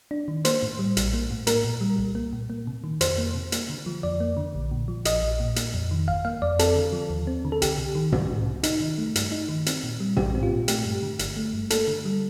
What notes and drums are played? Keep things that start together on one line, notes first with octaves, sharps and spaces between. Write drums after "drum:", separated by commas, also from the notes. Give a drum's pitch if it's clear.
D4
D#3
A#3 C5, drum: hi-hat
A2
G3
A#1, drum: hi-hat
A#3
A2
A#3 A#4, drum: hi-hat
A#2
G3
C2
A#3
A#2
A#3
C3
D#3
F2 C5, drum: hi-hat
A#3
C3
A#3, drum: hi-hat
D3
F3
F2 D5
A#3
D3
A#1
A#2
F3
A#1 D#5, drum: hi-hat
A#1
A#2
A#3, drum: hi-hat
F2
D#3
G1 F5
A#3 F5
F2 D5
C4 A4, drum: hi-hat
D3
F3
D#2
C4
D3
A4
C2 G4, drum: hi-hat
C3
D#3
C2, drum: tom
C2
C3
D#4, drum: hi-hat
D#3
A3
G2, drum: hi-hat
D#4
D#3
C4, drum: hi-hat
A#2
G3
A#1 G4, drum: tom
C4
F4
A#2
A3 G4, drum: hi-hat
G2
D3
G1, drum: hi-hat
A3
G2
A#3 A4, drum: hi-hat
D3
G3